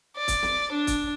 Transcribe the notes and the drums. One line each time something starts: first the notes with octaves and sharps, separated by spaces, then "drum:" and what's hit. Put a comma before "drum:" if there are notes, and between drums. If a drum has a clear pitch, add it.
D5
drum: kick, hi-hat
drum: snare
D4
drum: kick, hi-hat